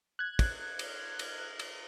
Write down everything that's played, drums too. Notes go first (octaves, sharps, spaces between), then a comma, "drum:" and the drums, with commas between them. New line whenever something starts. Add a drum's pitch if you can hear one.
F#6 G#6
drum: kick, cymbal
drum: cymbal
drum: cymbal
drum: cymbal